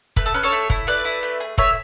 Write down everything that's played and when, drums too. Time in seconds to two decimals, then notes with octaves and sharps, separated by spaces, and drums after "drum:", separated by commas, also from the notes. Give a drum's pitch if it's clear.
0.16 A3 B4, drum: kick
0.26 A4
0.34 C#4 B4
0.43 A4 C#5
0.52 A3
0.70 E4, drum: kick
0.87 A3 B4 D5
1.05 E4
1.23 A3
1.40 G#4
1.58 A3 C#5 E5, drum: kick